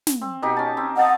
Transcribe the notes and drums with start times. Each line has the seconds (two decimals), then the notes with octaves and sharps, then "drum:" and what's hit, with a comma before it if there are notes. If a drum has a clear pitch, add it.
0.07 drum: snare
0.22 C4
0.42 B2 D#4 G4
0.57 C#4 A5
0.77 C4
0.97 D#5 F5 F#5 A5 D#6